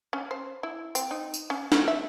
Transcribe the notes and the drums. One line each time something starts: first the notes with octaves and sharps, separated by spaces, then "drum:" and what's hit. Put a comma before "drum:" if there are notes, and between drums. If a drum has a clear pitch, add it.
C#4
C5
E4
C4, drum: tambourine
D#4
drum: tambourine
C#4
A3, drum: snare
E5